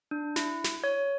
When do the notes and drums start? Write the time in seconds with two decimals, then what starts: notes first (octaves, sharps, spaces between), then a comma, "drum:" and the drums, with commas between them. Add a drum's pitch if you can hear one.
0.11 D4
0.36 E4, drum: snare
0.64 drum: snare
0.84 C#5